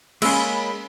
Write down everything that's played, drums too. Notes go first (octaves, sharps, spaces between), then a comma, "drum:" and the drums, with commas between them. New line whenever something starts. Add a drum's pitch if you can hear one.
G#3 A#3 C#4 B5 E6, drum: cymbal